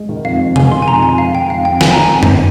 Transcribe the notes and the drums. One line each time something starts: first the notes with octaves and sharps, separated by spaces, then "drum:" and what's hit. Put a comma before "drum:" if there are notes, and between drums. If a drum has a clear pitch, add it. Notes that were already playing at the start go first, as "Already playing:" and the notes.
Already playing: G#3
D#3
F2 F5
F2
G#3 G#5, drum: tom B2
D#3 C6
G#5
F2 A#5
F2 G#5
G#3 F5
D#3 G5
F2 F5
F2 G5
G#3 G#5, drum: snare
D#3 A#5
G#5
F2
drum: tom F#2